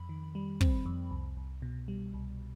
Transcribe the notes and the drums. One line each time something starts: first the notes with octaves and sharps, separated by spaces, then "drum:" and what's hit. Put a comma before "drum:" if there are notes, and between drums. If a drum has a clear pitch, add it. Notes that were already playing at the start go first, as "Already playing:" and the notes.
Already playing: F2 B5
D#3
G3
C4, drum: kick
F2
C2
C2
B2
G3
C2